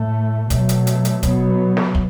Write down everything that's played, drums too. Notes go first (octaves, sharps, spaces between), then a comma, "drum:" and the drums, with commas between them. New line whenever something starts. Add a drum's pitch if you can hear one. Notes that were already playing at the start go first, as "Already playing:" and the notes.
Already playing: A2 A3
B2 F#3 A3, drum: kick, hi-hat
drum: hi-hat
drum: hi-hat
drum: hi-hat
B2 F#3 B3, drum: kick, hi-hat
drum: snare
drum: kick